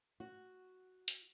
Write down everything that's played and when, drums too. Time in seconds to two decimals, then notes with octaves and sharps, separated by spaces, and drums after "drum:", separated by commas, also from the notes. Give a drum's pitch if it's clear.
0.20 F#4
1.08 drum: hi-hat